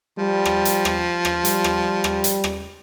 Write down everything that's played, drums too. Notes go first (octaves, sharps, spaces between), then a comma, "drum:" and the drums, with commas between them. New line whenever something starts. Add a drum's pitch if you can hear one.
F3 G3
drum: rim click
drum: hi-hat
drum: rim click
drum: rim click
G3, drum: hi-hat
drum: rim click
drum: rim click
drum: hi-hat
drum: rim click